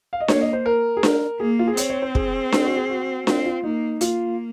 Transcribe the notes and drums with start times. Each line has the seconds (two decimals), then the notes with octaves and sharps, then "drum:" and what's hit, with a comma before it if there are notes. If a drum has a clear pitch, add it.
0.13 F5
0.20 D#5
0.28 A#3 C#5, drum: snare D4
0.41 D#5
0.53 C5
0.66 A#4
0.97 G#4
1.03 A#4, drum: snare D4
1.40 A#3 G#4
1.59 F4
1.67 G#4
1.77 C4 C#5, drum: hi-hat
1.90 C#5
2.02 C5
2.15 G#4, drum: kick
2.52 G#4, drum: snare D4
2.64 F#4
2.76 G#4
2.90 F#4
3.27 C4 F4, drum: snare D4
3.46 F4
3.64 A#3 D#4
4.01 A#3 F4, drum: hi-hat